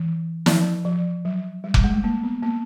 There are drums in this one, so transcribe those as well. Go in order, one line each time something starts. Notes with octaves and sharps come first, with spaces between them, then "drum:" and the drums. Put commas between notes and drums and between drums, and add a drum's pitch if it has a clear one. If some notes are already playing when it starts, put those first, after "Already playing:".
Already playing: E3
F3, drum: snare
F3
F#3
G3
G3, drum: kick F1
G#3
A3
A#3
B3
A#3